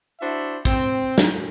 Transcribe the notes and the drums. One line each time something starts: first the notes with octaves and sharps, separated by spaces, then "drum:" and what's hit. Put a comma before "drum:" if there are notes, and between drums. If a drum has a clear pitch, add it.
D4 E4 F#4 C5 E5
C4, drum: kick
drum: snare